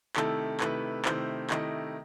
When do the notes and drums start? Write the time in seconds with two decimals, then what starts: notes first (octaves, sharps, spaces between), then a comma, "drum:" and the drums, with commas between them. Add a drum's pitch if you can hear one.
0.16 C3 D#3 A3 E4 A4, drum: clap
0.60 C3 D#3 A3 E4 B4, drum: clap
1.05 C3 D#3 A3 E4 C5, drum: clap
1.50 C3 D#3 A3 E4 D#5, drum: clap